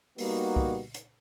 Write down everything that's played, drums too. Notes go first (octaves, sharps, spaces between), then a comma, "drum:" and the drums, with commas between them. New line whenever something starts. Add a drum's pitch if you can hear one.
G3 A#3 B3 D#4 F#4, drum: open hi-hat
drum: kick C2
drum: hi-hat